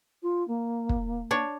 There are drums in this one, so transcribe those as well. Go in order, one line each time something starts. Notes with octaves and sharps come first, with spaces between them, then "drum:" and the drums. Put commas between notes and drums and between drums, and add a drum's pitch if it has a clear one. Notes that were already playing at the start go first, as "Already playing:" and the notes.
F4
A#3
drum: kick
D4 C#5